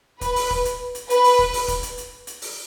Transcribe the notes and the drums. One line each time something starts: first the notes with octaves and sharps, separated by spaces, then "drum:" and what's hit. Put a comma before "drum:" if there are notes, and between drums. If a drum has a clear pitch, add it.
B4, drum: kick, hi-hat
drum: open hi-hat
drum: kick
drum: hi-hat
drum: hi-hat
B4, drum: hi-hat
drum: open hi-hat
drum: kick
drum: open hi-hat
drum: kick, hi-hat
drum: hi-hat
drum: hi-hat
drum: hi-hat
drum: open hi-hat